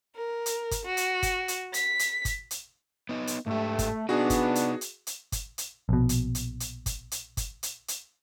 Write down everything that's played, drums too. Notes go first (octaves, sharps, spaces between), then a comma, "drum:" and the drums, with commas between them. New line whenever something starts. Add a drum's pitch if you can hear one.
A#4
drum: hi-hat
drum: kick G1, hi-hat
F#4
drum: hi-hat
drum: kick G1, hi-hat
drum: hi-hat
B6, drum: hi-hat
drum: hi-hat
drum: kick G1, hi-hat
drum: hi-hat
B3 D#4
drum: hi-hat
G#2 A3 G4
drum: kick G1, hi-hat
B3 D4 D#4 F#4 G#4 B4
drum: kick G1, hi-hat
drum: hi-hat
drum: hi-hat
drum: hi-hat
drum: kick G1, hi-hat
drum: hi-hat
A#1 B2
drum: hi-hat
drum: hi-hat
drum: hi-hat
drum: kick G1, hi-hat
drum: hi-hat
drum: kick G1, hi-hat
drum: hi-hat
drum: hi-hat